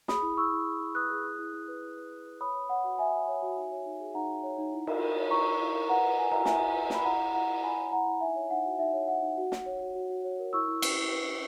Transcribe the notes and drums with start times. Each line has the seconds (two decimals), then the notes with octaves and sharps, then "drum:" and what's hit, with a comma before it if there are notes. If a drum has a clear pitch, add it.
0.08 G#4 B5 D#6, drum: snare
0.22 E4
0.37 E4 C#6 E6
0.52 E4
0.67 G#4
0.81 E4
0.95 B4 D#6 F#6
1.10 G#4
1.24 E4
1.39 E4
1.54 E4
1.68 B4
1.82 E4
1.97 B4
2.11 B4
2.26 B4
2.41 C#5 B5 D#6
2.54 C#5
2.69 C#5 F#5
2.84 F#4
2.98 F#4 E5 G#5
3.13 C#5
3.28 C#5
3.42 F#4
3.57 D#4
3.72 C#5
3.86 D#4
4.00 G#4
4.14 D#4 F#5 A#5
4.30 D#4
4.43 C#5
4.58 D#4
4.73 E4
4.87 A#4, drum: cymbal
5.02 A#4
5.17 C#5
5.30 E4 A#5 C#6
5.45 A#4
5.60 E4
5.75 A#4
5.89 B4 F#5 A#5
6.04 B4
6.18 B4 G#5
6.32 E4 A#5, drum: cymbal
6.45 E4 E5 G#5, drum: snare
6.62 E4
6.76 B4
6.90 B4 B5, drum: snare
7.05 E4 F#5 A#5
7.20 E4
7.34 E4 F#5 A#5
7.49 E4
7.63 E4 G#5 B5
7.78 C#5
7.92 E4 F#5 A#5
8.06 E4
8.21 D#4 E5 G#5
8.36 C#5
8.50 D#4 F#5
8.65 F#4
8.79 D#4 E5
8.94 C#5
9.08 C#5 F#5
9.22 D#4
9.38 F#4
9.52 F#4, drum: snare
9.66 C#5
9.81 F#4
9.95 F#4
10.10 F#4
10.24 C#5
10.39 A#4
10.53 E4 C#6 E6
10.68 E4
10.82 B4, drum: cymbal
10.97 E4
11.11 B4
11.26 E4